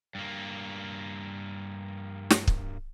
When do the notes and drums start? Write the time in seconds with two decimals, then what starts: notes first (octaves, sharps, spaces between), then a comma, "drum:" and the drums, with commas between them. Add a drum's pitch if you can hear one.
0.15 G2 A#3
2.30 drum: snare
2.48 drum: kick